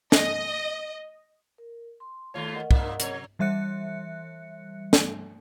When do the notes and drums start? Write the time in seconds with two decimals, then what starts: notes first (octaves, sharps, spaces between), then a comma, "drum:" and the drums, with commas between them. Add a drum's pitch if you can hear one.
0.12 D#5, drum: snare
1.58 A#4
2.00 C6
2.34 D#2 A3 F4 A4 C#5
2.54 A#4 D#5 F#5
2.71 G2 A#2 A#3, drum: kick
3.00 C3 F#3 C#5, drum: hi-hat
3.39 E3 G3 E5 F#6 C#7
4.93 drum: snare